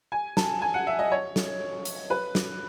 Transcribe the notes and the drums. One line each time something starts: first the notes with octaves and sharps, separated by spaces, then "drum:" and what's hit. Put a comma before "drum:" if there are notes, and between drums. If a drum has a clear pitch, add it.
G#5
A5, drum: snare
G#5
F#5
E5
D#5
C#5
drum: snare
drum: hi-hat
B4
drum: snare